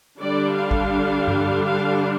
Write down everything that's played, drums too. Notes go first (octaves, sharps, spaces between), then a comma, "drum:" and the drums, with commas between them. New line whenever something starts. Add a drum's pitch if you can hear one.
D3 G3 D4 D5
F5
drum: kick
drum: tom G2
F5